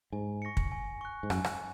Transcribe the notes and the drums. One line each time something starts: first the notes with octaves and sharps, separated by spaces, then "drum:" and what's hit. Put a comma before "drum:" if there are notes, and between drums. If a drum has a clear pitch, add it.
G#2 G#5
C#6 A#6 C#7
drum: kick
G#5
C#6 F#6
G#2
F#2 G#5, drum: rim click
drum: rim click